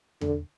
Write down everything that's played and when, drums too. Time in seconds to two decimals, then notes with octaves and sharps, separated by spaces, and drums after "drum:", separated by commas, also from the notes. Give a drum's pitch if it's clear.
0.21 D3, drum: tom E2